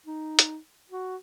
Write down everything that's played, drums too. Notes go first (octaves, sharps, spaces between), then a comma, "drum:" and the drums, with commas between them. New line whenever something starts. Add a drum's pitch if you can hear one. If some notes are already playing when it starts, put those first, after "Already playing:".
D#4
drum: hi-hat
F#4